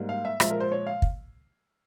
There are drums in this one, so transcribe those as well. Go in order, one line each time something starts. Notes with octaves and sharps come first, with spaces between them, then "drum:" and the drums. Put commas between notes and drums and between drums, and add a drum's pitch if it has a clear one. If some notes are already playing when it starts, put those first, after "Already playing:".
Already playing: G#2 G3 A#3
F5
E5
A#2 F3 G#3 E5, drum: rim click
A#4
C5
C#5
F5
drum: kick